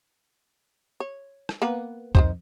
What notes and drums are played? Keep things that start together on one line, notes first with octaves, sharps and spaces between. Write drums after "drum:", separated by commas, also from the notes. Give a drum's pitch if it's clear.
C#5
drum: rim click
A#3 B3 B4
F2 D#3 G3 C5, drum: kick C#2